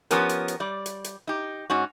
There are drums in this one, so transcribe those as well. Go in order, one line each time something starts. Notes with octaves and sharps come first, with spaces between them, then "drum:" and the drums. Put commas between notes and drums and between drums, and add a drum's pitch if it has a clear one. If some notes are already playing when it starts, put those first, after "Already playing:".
F3 B3 C#4 G4 A#4, drum: hi-hat
drum: hi-hat
drum: hi-hat
G3 D5
drum: hi-hat
drum: hi-hat
D#4 G4
G#2 C#4 F#4